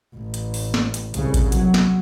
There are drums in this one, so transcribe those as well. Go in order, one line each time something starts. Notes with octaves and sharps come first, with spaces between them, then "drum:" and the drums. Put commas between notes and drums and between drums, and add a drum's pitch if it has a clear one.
A1
drum: hi-hat
drum: open hi-hat
drum: snare
drum: hi-hat
C2 C#3, drum: hi-hat
drum: kick A1, hi-hat
F#3, drum: hi-hat
drum: snare